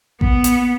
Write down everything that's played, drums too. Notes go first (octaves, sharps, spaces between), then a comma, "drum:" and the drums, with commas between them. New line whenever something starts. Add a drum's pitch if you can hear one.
B3, drum: kick A1
drum: hi-hat